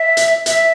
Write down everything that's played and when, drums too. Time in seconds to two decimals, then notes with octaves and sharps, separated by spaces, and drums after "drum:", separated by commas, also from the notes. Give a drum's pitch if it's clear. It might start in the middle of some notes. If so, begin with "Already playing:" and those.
Already playing: E5
0.17 drum: hi-hat
0.46 E5, drum: hi-hat